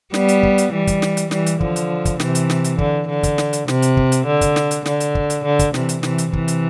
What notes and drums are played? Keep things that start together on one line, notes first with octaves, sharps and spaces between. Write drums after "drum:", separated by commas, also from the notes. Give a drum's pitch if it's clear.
G3 B3, drum: snare
drum: hi-hat
drum: kick
drum: hi-hat
E3 G3
drum: kick, hi-hat
drum: snare
drum: hi-hat
E3 G3, drum: snare
drum: hi-hat
D3 F3, drum: kick
drum: hi-hat
drum: kick, hi-hat
C3 E3, drum: snare
drum: hi-hat
drum: snare
drum: hi-hat
D3, drum: kick
D3
drum: kick, hi-hat
drum: snare
drum: hi-hat
C3, drum: snare
drum: hi-hat
drum: kick
drum: hi-hat
D3
drum: kick, hi-hat
drum: snare
drum: hi-hat
D3, drum: snare
drum: hi-hat
drum: kick
drum: hi-hat
D3
drum: kick, hi-hat
C3 E3, drum: snare
drum: hi-hat
C3 E3, drum: snare
drum: hi-hat
C3 E3, drum: kick
drum: hi-hat